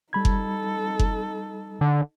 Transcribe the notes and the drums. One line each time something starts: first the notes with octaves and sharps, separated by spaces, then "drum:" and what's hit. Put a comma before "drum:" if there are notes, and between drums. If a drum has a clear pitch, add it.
G3 D#4 A4 B5 G#6
drum: kick F#1
drum: kick F#1
D3